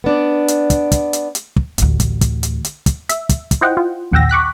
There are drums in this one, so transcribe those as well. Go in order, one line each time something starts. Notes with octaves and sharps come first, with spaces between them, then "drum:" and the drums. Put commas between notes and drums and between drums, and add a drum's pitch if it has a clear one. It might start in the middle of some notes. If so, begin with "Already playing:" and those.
B3 D4 D5
drum: hi-hat
drum: kick, hi-hat
drum: kick, hi-hat
drum: hi-hat
drum: hi-hat
drum: kick
A1 D2, drum: hi-hat
drum: kick, hi-hat
drum: kick, hi-hat
drum: hi-hat
drum: hi-hat
drum: kick, hi-hat
E5, drum: hi-hat
drum: kick, hi-hat
drum: kick, hi-hat
E4 F4 C5 D#5 F#5 G5
F4
A#1 D#2 F#5 G5 E6 A#6
C#6 D6 F#6 B6